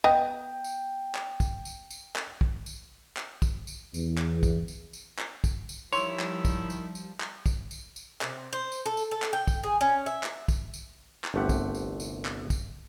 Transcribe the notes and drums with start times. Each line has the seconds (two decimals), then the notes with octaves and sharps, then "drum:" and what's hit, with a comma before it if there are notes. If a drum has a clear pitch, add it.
0.04 B3 D#5 G5
0.64 drum: tambourine
1.15 drum: clap
1.40 drum: kick, tambourine
1.65 drum: tambourine
1.91 drum: tambourine
2.16 drum: clap
2.41 drum: kick
2.66 drum: tambourine
3.17 drum: clap
3.42 drum: kick, tambourine
3.67 drum: tambourine
3.94 E2, drum: tambourine
4.18 drum: clap
4.43 drum: kick, tambourine
4.68 drum: tambourine
4.93 drum: tambourine
5.19 drum: clap
5.44 drum: kick, tambourine
5.69 drum: tambourine
5.93 D#3 F3 G3 E4 C#5 E5 C6, drum: tambourine
6.19 drum: clap
6.45 drum: kick, tambourine
6.70 drum: tambourine
6.95 drum: tambourine
7.20 drum: clap
7.46 drum: kick, tambourine
7.71 drum: tambourine
7.96 drum: tambourine
8.21 C3, drum: clap
8.53 C5
8.72 drum: tambourine
8.86 A4
8.97 drum: tambourine
9.11 A4
9.22 drum: clap
9.33 G5
9.47 drum: kick, tambourine
9.63 G#4
9.81 C#4
10.06 E5
10.23 drum: clap
10.48 drum: kick, tambourine
10.74 drum: tambourine
11.24 drum: clap
11.34 G1 C2 A3 G4 C5 F#5
11.49 drum: kick, tambourine
11.75 drum: tambourine
12.00 drum: tambourine
12.25 drum: clap
12.50 drum: kick, tambourine